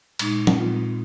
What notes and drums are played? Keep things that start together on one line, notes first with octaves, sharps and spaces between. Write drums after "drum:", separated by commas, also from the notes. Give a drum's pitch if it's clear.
A#2 G#3 D#4, drum: cymbal
drum: tom
A#2 G#3 C4 F4